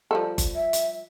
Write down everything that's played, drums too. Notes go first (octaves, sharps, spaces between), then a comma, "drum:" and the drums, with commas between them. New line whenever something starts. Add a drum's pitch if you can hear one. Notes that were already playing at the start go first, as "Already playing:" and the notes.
F3 G3 A4
drum: kick G1, hi-hat
E5
drum: hi-hat